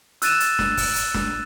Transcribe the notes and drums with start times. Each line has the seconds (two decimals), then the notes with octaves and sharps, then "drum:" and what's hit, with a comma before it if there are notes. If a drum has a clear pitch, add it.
0.22 E6 F#6 A6 D#7 E7, drum: hi-hat
0.40 drum: hi-hat
0.59 drum: snare
0.77 drum: kick, open hi-hat
0.96 drum: hi-hat
1.14 drum: snare